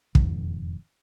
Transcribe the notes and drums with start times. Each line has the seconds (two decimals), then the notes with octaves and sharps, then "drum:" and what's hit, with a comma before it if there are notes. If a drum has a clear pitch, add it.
0.15 E1 F2 G#2 D#3, drum: kick